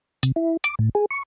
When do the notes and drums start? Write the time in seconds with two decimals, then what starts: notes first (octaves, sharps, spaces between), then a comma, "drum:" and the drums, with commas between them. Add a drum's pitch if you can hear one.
0.23 C3, drum: hi-hat
0.36 E4
0.64 D6, drum: hi-hat
0.79 A2
0.95 G#4
1.11 C#6